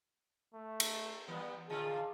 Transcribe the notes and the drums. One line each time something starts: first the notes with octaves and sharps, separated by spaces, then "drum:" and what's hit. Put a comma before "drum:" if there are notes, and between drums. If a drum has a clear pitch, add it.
A3
drum: cymbal
E3 G3 B3
A#2 D3 F4 G#4 A5